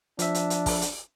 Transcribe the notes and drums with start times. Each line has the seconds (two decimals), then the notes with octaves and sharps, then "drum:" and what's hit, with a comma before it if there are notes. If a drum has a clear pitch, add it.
0.19 F3 D4 E5, drum: hi-hat
0.35 drum: hi-hat
0.50 drum: hi-hat
0.66 drum: kick, open hi-hat
0.82 drum: hi-hat